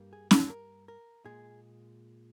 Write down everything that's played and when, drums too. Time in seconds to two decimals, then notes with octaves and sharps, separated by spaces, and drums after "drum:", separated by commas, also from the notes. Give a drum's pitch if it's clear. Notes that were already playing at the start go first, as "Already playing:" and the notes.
Already playing: G2 G3 A#3
0.13 G#4
0.31 G#4, drum: snare
0.50 A#4
0.88 A#4
1.25 A#2 G#3 G#4